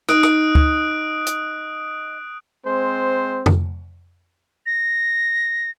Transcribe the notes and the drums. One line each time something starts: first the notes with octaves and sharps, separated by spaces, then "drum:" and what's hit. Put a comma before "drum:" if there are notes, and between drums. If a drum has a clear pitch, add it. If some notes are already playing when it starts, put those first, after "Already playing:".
D#4 D#6 F#6 D7, drum: rim click
drum: rim click
drum: kick D2
drum: hi-hat
G#3 C4 C5
drum: tom F2
A#6